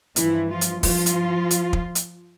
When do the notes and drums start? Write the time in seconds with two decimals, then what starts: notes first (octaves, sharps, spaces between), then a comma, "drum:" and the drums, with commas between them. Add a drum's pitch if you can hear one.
0.16 G2 E3 F3 E4, drum: hi-hat
0.51 F3 F4
0.61 drum: hi-hat
0.83 F3 F4, drum: kick, open hi-hat
1.06 drum: hi-hat
1.51 drum: hi-hat
1.73 drum: kick
1.95 drum: hi-hat